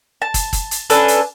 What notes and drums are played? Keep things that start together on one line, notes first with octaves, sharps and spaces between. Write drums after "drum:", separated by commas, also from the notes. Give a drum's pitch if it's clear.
A5
drum: kick, hi-hat
drum: kick, hi-hat
drum: hi-hat
C#4 D4 A4 B4, drum: hi-hat
drum: hi-hat